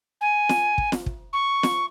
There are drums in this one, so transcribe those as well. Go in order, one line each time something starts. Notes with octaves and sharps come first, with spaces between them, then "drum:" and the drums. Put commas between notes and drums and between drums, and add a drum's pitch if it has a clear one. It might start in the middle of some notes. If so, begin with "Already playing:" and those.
G#5
drum: snare
drum: kick
drum: snare
drum: kick
C#6
drum: snare